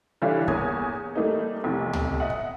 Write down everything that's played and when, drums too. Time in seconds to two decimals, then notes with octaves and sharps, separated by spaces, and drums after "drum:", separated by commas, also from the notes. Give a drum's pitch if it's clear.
0.22 D3 E3 G3 E4 F4 C#5
0.48 E2 A#3 C#5 G#5 D#6, drum: kick
1.15 G3 A3 A#3 D#4
1.63 F1 B1 C3 F3
1.93 drum: tom C#2
2.20 D#5 E5 F#5
2.30 drum: kick